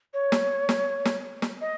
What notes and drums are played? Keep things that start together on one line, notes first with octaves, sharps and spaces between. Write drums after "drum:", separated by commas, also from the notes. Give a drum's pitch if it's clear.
C#5
drum: snare
drum: snare
drum: snare
drum: snare
D#5